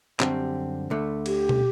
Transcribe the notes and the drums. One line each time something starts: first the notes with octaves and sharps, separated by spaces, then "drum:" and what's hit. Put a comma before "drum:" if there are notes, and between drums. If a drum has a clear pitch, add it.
F#2 D3 G3 C4 F#4 G4, drum: clap
D2 D3 A3
G4, drum: cymbal
drum: tom